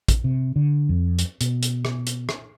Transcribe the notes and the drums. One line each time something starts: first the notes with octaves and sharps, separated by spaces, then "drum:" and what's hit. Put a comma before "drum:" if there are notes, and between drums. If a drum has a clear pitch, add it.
drum: kick, hi-hat
C3
D3
F2
drum: hi-hat
B2, drum: hi-hat
drum: hi-hat
drum: rim click
drum: hi-hat
drum: rim click